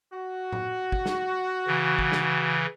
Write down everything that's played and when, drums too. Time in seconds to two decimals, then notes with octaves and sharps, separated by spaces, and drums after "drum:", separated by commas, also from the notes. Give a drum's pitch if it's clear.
0.13 F#4
0.52 drum: tom A2
0.92 drum: kick
1.06 drum: snare
1.67 C#3 E3
1.99 drum: kick
2.12 drum: snare